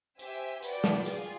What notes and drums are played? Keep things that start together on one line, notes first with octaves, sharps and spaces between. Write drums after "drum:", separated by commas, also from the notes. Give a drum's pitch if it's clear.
G4 C5 E5 G#5, drum: tambourine
F#4 B4 D5 G5, drum: tambourine
drum: snare
F4 G#4, drum: tambourine